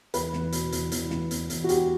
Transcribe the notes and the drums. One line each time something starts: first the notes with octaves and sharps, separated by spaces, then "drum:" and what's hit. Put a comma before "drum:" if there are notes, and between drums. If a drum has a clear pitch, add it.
E2 B4, drum: hi-hat
E2, drum: snare
B2, drum: hi-hat
E2, drum: hi-hat
E2, drum: hi-hat
E2, drum: snare
E2, drum: hi-hat
E2, drum: hi-hat
F#4
E2 G4, drum: hi-hat